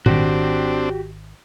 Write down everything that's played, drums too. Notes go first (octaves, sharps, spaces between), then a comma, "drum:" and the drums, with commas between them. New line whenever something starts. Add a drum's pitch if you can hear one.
G#1 D#3 C4 D4 F#4 G4, drum: tom A#2